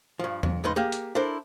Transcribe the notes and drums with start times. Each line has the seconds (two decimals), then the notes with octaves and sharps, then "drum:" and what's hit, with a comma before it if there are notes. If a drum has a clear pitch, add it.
0.19 G2 F3
0.43 F2, drum: tom
0.64 C#2 G#2 D#4 B4 C6
0.76 A#3 G4 G#4
0.92 drum: hi-hat
1.15 D4 E4 A4 A#4 C5